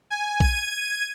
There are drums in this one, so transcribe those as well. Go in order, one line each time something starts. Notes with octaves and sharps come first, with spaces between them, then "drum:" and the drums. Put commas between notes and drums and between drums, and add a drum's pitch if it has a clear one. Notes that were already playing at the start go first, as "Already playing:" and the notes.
G#5
G#6 D#7, drum: kick A#1